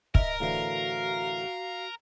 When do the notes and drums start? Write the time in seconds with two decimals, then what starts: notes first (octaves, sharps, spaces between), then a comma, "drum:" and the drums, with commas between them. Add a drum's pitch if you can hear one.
0.15 A#4 D#5 E5, drum: kick
0.40 A2 D3 E3 F#4 F5